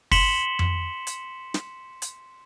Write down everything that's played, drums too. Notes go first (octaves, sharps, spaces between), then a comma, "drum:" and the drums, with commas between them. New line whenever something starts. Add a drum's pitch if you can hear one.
C6 B6 C#7 E7 F#7 G7, drum: kick, open hi-hat
drum: tom F2
drum: hi-hat
drum: snare
drum: hi-hat